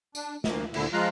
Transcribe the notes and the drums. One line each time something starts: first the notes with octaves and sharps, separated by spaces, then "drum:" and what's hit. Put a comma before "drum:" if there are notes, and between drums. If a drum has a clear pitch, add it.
D4, drum: tambourine
D2 A#3, drum: snare
D2 A#2 D3 E4, drum: cymbal
F3 G#3 F4 F5 A#5 F#6